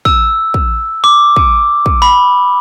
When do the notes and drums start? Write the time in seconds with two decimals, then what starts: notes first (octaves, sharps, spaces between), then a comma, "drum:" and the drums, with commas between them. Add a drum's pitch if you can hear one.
0.05 E6, drum: kick
0.54 drum: kick
1.04 D6
1.36 drum: kick
1.86 drum: kick
2.02 B5